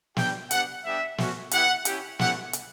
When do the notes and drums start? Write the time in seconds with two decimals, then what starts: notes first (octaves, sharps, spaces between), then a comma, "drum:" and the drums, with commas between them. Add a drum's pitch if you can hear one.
0.17 G3 D4 G4 G5, drum: snare
0.51 B3 D4 G4 F#5, drum: hi-hat
0.84 G3 B3 D4 G4 E5
1.18 A3 C#4 F#4, drum: snare
1.51 B3 E4 G4 F#5, drum: hi-hat
1.85 C#4 E4 G4, drum: hi-hat
2.19 A3 C#4 E4 G4 F#5, drum: snare
2.53 drum: hi-hat